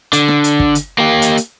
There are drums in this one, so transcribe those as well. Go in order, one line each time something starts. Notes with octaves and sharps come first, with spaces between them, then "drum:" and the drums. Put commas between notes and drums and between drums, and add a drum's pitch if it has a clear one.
D3, drum: hi-hat
drum: rim click
drum: hi-hat
drum: kick
drum: hi-hat
A#3 G4
drum: hi-hat
drum: hi-hat